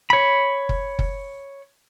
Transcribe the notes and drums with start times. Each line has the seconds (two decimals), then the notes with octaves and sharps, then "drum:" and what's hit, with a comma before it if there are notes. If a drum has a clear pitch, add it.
0.10 C#5 B5
0.69 drum: kick F#1
0.99 drum: kick F#1